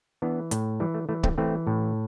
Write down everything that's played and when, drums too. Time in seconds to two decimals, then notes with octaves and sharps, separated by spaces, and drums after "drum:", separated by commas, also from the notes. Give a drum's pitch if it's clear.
0.22 E3 B3 D4
0.51 A2, drum: hi-hat
0.80 E3 G3
0.94 A3
1.09 E3 A3
1.23 A3 C4, drum: kick C#1
1.38 E3 A3 C4
1.67 A2